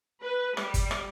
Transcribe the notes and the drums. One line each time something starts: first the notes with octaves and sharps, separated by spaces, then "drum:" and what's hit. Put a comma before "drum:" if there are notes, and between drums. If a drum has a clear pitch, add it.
B4
G3, drum: rim click
drum: kick G1, hi-hat
drum: rim click